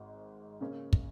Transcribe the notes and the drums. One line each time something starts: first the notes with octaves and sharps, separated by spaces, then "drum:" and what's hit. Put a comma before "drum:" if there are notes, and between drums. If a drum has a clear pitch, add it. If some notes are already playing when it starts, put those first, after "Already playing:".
Already playing: G#1 G#2
C#3 A#3 C#4
drum: kick